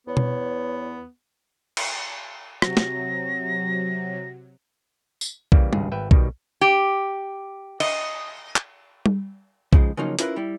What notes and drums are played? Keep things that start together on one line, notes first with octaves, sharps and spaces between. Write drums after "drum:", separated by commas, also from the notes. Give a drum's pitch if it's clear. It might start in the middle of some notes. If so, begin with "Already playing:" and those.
E2 B3 C#5
drum: tom B2
drum: cymbal
C3 F#3 A#6, drum: rim click
drum: snare
drum: tambourine
C#3 E3 G3 A#3, drum: kick B1
G#1 C#2 G2 G#4, drum: tom G3
G#1 B4 E5 G5
B2 D#3 G3, drum: kick B1
G4
D#5, drum: cymbal
drum: clap
drum: tom G3
G#2 C#3 F3 G#3, drum: kick B1
C#3 F3 F#3 A#3 C#4 D#4
C#4 E4 F4 G#4 A#4 B4, drum: hi-hat
G3 E4